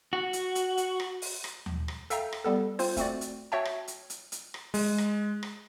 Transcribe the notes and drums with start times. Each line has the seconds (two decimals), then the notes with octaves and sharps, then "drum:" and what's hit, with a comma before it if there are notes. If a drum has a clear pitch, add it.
0.13 F#4
0.33 drum: hi-hat
0.55 drum: hi-hat
0.77 drum: hi-hat
1.00 drum: rim click
1.22 drum: open hi-hat
1.44 drum: rim click
1.66 drum: tom D#2
1.88 drum: rim click
2.10 A4 E5 F5 G5 A#5, drum: hi-hat
2.32 drum: rim click
2.44 G3 B3 A4
2.79 C4 F4 C5, drum: open hi-hat
2.97 A3 C4 F#4 D5, drum: kick, hi-hat
3.21 drum: hi-hat
3.52 F#4 C#5 E5 G5 A5
3.65 drum: rim click
3.88 drum: hi-hat
4.10 drum: hi-hat
4.32 drum: hi-hat
4.54 drum: rim click
4.74 G#3, drum: open hi-hat
4.98 drum: rim click
5.43 drum: rim click